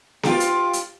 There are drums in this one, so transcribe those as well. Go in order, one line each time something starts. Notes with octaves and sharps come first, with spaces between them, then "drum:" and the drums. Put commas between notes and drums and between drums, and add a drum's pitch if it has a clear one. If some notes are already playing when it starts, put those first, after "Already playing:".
F4 G4, drum: snare B3
drum: hi-hat
drum: hi-hat